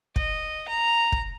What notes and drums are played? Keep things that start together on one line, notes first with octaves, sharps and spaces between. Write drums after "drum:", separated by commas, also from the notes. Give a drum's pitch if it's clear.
D#5, drum: kick
A#5
drum: kick